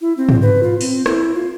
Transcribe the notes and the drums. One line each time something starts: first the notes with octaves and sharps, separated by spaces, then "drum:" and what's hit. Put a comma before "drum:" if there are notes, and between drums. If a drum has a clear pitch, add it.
E4
C4
drum: tom G#2
B4
F4
C4, drum: open hi-hat
E4, drum: rim click
F4